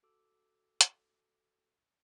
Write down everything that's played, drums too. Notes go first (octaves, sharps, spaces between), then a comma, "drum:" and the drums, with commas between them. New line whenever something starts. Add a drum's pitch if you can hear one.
F#4 A4 D6 E6
drum: hi-hat